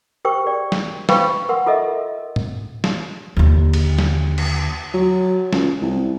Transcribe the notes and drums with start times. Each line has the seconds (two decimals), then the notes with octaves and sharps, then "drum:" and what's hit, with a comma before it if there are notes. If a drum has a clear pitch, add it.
0.25 G4 A#4 C5 G5 C#6
0.46 G#4 D5 G5
0.72 drum: snare
1.09 B4 C5 F5 G5 B5 C#6, drum: snare
1.49 A#4 F#5 C6
1.66 F4 A4 A#4 D#5 E5
2.36 drum: tom
2.84 drum: snare
3.37 D#2 D3
3.73 drum: cymbal
3.99 drum: snare
4.38 drum: cymbal
4.94 F#3
5.53 C#2, drum: snare
5.82 C2